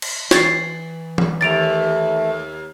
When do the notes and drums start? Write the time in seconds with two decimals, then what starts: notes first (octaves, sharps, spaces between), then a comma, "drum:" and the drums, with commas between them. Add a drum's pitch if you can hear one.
0.02 drum: cymbal
0.31 E3 G#6 A6 C7, drum: snare
1.18 drum: tom E3
1.41 D#2 A3 A6 D7 F7